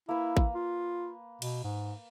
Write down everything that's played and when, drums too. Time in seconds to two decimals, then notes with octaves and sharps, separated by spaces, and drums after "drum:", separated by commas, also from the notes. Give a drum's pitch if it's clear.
0.09 A#3 E4 B4
0.37 drum: kick A1
0.55 F4
1.42 B2, drum: cymbal
1.64 G#2